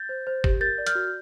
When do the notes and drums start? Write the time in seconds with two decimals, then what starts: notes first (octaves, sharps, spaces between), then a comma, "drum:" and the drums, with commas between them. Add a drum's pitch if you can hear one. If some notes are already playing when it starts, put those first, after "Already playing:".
Already playing: G6 A6
0.09 C5
0.27 C5
0.44 G4, drum: kick
0.60 A#4 G6 A6
0.78 D5
0.87 F6 G6, drum: hi-hat
0.95 F#4